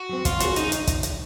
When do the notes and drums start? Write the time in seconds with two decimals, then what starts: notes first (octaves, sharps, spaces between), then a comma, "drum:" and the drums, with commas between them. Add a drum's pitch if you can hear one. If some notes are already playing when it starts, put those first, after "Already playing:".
Already playing: F#4
0.09 F#3 C4
0.25 F3 F4, drum: kick, hi-hat
0.40 A#3 F4 F#4 G#4 C#5, drum: hi-hat
0.56 C#3 D#4, drum: hi-hat
0.72 drum: hi-hat
0.87 drum: kick, hi-hat
1.03 drum: hi-hat